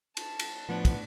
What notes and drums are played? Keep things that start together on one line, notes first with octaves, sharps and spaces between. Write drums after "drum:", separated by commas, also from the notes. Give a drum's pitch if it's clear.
A5, drum: cymbal
drum: cymbal
A2 F3 B3 D4
drum: kick, cymbal